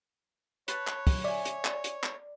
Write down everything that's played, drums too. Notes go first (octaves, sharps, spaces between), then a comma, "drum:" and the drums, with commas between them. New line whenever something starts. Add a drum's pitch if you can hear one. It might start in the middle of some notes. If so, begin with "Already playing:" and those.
B4 C#5 A5, drum: hi-hat
drum: clap
drum: kick, open hi-hat
D5 E5 G#5
drum: hi-hat
drum: clap
drum: hi-hat
drum: clap